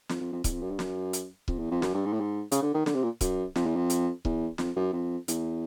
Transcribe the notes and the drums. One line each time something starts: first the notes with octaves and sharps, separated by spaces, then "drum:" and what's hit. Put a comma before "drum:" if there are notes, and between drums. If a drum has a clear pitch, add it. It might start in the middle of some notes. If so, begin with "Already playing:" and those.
F2, drum: snare
F2
F2
E2, drum: kick C#1, hi-hat
F2
F#2
G2
F#2, drum: snare
drum: hi-hat
F2, drum: kick C#1
E2
F2
F#2, drum: snare
G2
G#2
A2
G#2
C#3, drum: hi-hat
D3
D#3
D3, drum: snare
C3
A#2
F#2, drum: kick C#1, hi-hat
F2, drum: snare
E2
F2
drum: hi-hat
E2, drum: kick C#1
F2, drum: snare
F#2
F2
E2, drum: hi-hat